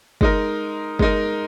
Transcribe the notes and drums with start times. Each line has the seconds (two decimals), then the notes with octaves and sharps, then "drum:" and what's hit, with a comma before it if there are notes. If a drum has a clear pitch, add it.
0.21 G#3 D#4 A#4, drum: kick
0.99 G#3 D#4 A#4, drum: kick